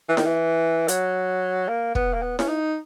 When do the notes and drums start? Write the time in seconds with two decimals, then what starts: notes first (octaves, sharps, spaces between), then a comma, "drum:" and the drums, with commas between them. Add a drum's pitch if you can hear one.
0.09 E3
0.17 D#3, drum: snare E4
0.25 E3
0.88 F#3, drum: hi-hat
1.68 A#3
1.95 B3, drum: kick
2.14 A#3
2.22 B3
2.39 C#4, drum: snare E4
2.48 D#4